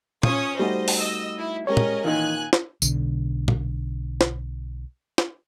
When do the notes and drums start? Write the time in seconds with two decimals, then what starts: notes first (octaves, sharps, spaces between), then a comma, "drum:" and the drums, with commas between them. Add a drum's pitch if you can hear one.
0.23 C#4 F4 C#5 D#6, drum: tom
0.59 G3 A3 D#4 F#4 C5 D#5
0.88 drum: open hi-hat
0.97 D#5 E6
1.38 E4
1.67 G#3 C#4 G4 A#4 C#5 D#5
1.77 drum: tom
2.05 A#2 D#3 E3 D#4 G#5 F#6
2.53 drum: snare
2.82 B1 D3, drum: tambourine
3.48 drum: tom
4.21 drum: snare
5.18 drum: snare